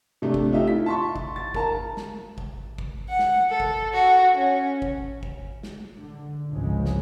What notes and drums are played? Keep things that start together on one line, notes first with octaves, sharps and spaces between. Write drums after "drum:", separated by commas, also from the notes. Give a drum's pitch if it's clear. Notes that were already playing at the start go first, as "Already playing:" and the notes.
C3 A3 D4
drum: kick
D#4 F4 G4 E5
E4 B6
A5 C6 C#6
drum: kick
A6
A#4 A5 A#5, drum: kick
drum: snare
drum: kick
drum: kick
F#5
drum: snare
A4
drum: kick
F#4
C#4
drum: kick
drum: kick
drum: snare
D3
G#1 C#2 C#3 F3 G#3
drum: snare